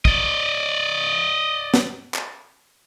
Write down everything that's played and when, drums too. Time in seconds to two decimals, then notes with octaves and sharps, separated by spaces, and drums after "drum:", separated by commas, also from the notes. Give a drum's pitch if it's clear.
0.05 D5 D#5, drum: kick
1.74 drum: snare
2.14 drum: clap